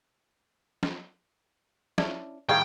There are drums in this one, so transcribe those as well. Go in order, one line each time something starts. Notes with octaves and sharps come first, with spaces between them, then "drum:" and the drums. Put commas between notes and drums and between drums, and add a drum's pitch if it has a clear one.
drum: snare
C#4 D4 E4, drum: snare
A2 D#3 G3 G#4 C#5 F5 G5